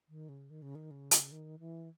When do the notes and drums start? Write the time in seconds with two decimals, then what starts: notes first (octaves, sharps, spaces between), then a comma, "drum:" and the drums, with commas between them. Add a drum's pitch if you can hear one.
0.09 D#3
0.29 C#3
0.50 D#3
0.62 C#3
0.75 D#3
0.91 C#3
1.11 drum: hi-hat
1.32 D#3
1.59 E3